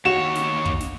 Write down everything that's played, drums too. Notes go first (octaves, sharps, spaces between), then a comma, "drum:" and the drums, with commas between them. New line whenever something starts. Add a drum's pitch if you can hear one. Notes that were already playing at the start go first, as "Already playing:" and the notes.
D#2 F#4 C#5 E7
drum: snare
drum: kick
drum: snare